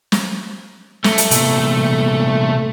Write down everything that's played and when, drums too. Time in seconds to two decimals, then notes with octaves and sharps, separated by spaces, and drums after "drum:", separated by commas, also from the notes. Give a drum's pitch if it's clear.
0.12 drum: snare
1.04 A3, drum: snare
1.18 drum: hi-hat
1.31 C2 A#2, drum: hi-hat